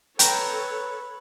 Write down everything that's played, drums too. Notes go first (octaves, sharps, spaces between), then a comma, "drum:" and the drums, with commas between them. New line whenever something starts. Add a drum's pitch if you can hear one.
A4 B4 C#5 G5 A#5, drum: hi-hat